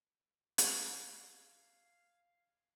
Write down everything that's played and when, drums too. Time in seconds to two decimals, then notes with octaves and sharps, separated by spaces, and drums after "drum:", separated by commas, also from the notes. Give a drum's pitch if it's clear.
0.58 drum: hi-hat
0.78 F5 G#6